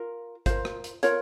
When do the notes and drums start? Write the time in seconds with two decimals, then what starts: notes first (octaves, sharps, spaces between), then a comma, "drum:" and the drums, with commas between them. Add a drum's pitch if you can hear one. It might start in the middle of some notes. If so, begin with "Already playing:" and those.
Already playing: F4 A#4
0.46 F4 A#4 C5, drum: kick, hi-hat
0.65 drum: rim click
0.84 drum: hi-hat
1.03 F4 A#4 C#5, drum: hi-hat